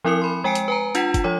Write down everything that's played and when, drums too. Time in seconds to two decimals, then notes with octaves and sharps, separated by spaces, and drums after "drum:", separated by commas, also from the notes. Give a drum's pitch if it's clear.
0.04 F3 C4 E4 A#4 D#6 C#7
0.22 B5 C6
0.44 G#3 G5 G#5 C#7 D7
0.55 drum: hi-hat
0.68 B4 G#5 A#5
0.95 D4 F4 F#5 G#6 B6 E7, drum: hi-hat
1.14 drum: kick F#1, hi-hat
1.24 F3 C#5 D6